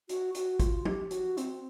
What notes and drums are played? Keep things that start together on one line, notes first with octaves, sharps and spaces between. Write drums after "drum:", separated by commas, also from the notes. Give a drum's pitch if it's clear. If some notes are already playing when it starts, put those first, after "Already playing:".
F#4, drum: hi-hat
F#4, drum: hi-hat
F4, drum: kick, hi-hat
G4, drum: tom
F#4, drum: hi-hat
C4, drum: hi-hat